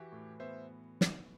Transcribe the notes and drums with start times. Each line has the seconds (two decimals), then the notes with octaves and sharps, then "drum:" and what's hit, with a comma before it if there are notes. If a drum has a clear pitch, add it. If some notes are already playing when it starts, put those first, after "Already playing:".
Already playing: E3 E4 F#4 G4
0.12 A2
0.40 B3 C5 E5
1.01 drum: snare